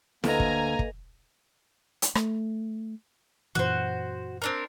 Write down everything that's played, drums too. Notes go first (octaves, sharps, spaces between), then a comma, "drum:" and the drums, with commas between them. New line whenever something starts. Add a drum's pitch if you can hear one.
D2 A#3 A4 B4 D#5 G#5 A#5, drum: snare E4
drum: kick
drum: kick
drum: hi-hat
A3, drum: rim click
F#2 A#2 E3 F#4 C5
C4 D4 A#4